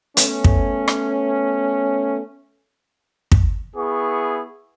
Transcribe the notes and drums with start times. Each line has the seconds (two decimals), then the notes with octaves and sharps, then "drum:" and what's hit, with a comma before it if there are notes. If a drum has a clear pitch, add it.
0.17 A3 B3 C#4, drum: hi-hat
0.44 drum: kick
0.88 drum: rim click
3.32 drum: kick
3.76 B3 E4 G#4 C#6